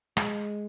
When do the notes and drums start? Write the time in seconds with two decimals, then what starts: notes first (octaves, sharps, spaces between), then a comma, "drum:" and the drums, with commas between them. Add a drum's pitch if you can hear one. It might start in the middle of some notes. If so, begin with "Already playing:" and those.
0.17 G#3, drum: rim click